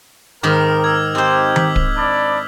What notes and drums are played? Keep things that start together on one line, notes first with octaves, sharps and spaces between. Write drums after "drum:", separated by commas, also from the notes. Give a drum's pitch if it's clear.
G#2 D#3 C4 A#4 B5 D6 D#6 F6
E6 G#6
C4 D#4 G4 C5 E6 G6
B6 F#7, drum: tom D#3
drum: kick D1
D4 D5 B5